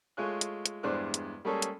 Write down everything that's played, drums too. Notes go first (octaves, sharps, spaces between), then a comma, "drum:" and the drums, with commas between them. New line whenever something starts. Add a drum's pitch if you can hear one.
G#3 A3 F4 C#5 G#5 F#6
drum: hi-hat
drum: hi-hat
E2 G2 G#3 C5 D5 F#6
drum: hi-hat
G3 G#3 A#3 C#4 G#4 A4
drum: hi-hat